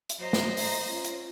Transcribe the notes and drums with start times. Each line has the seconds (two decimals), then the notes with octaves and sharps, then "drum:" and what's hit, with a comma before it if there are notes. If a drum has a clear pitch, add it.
0.09 drum: hi-hat
0.19 F#3 C5 D#5 A#5
0.33 drum: snare
0.57 A3 A#5, drum: open hi-hat
0.88 C#4 F4
1.04 drum: hi-hat